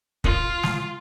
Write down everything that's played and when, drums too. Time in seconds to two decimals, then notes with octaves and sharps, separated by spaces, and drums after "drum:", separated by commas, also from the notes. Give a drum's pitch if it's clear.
0.24 F4, drum: kick
0.63 drum: snare